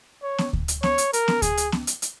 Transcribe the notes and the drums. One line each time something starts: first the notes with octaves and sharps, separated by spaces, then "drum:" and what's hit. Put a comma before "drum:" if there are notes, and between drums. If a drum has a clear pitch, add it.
C#5
drum: snare B3
drum: kick D2
drum: hi-hat
C#5, drum: snare B3
drum: hi-hat
A#4, drum: hi-hat
drum: snare B3
G#4, drum: kick D2, hi-hat
drum: hi-hat
drum: snare B3
drum: hi-hat
drum: hi-hat